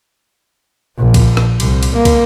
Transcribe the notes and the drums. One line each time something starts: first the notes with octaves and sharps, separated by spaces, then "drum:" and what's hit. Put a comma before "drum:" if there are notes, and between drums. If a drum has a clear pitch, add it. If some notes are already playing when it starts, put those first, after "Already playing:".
A#1
drum: kick, cymbal
drum: rim click
C2, drum: cymbal
drum: cymbal
A#3
drum: kick, cymbal